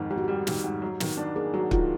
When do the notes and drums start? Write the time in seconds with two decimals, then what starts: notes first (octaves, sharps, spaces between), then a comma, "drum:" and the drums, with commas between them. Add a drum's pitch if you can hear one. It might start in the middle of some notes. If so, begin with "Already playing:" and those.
Already playing: F2 G#2 D#3
0.10 G#2 G4
0.18 F#4
0.24 G3 G4
0.47 D#3, drum: snare
0.64 G#2
0.82 F#3
1.00 D#3, drum: snare
1.17 D4
1.36 A#3 G#4
1.54 F#3 F#4
1.71 D#3 F4, drum: kick